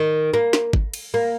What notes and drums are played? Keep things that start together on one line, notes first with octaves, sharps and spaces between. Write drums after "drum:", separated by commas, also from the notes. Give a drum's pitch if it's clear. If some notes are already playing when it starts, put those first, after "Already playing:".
Already playing: D#3
A#3
drum: snare
drum: kick G#1
drum: cymbal
A#3